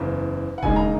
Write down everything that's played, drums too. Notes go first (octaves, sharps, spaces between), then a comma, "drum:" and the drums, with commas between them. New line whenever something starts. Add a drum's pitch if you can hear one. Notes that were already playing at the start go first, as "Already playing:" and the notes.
Already playing: F#1 E2 C#3
F#5
E1 D#2 C#3 G#3 G#5, drum: kick D#1
A#5